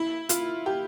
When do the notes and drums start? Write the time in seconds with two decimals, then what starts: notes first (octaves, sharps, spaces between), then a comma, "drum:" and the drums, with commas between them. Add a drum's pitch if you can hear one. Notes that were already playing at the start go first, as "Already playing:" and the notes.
Already playing: E4
0.29 F4, drum: hi-hat
0.66 G4